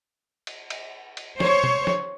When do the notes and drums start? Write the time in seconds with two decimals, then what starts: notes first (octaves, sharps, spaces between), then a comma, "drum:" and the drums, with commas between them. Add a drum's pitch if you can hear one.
0.47 drum: cymbal
0.70 drum: cymbal
1.17 drum: cymbal
1.40 C5 C#5, drum: snare
1.64 drum: tom
1.87 drum: snare